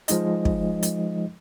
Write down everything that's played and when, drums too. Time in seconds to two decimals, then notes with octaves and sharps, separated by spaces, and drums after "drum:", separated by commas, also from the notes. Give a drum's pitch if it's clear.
0.08 F3 G#3 D#4 D#5, drum: hi-hat
0.45 drum: kick
0.83 drum: hi-hat